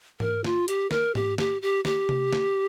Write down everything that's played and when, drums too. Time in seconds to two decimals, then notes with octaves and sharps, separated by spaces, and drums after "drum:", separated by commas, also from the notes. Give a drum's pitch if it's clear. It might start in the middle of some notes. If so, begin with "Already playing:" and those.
0.20 A#4, drum: tom G#2
0.44 F4, drum: snare
0.68 G4, drum: hi-hat
0.91 A#4, drum: snare
1.15 G4, drum: tom G#2
1.38 G4, drum: snare
1.62 G4
1.85 G4, drum: snare
2.09 drum: tom C3
2.33 drum: snare